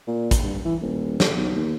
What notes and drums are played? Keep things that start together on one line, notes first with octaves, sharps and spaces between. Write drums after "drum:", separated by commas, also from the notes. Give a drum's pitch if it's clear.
A#2
drum: kick, hi-hat
G2
E3
D#1
D3, drum: snare
B1
D#2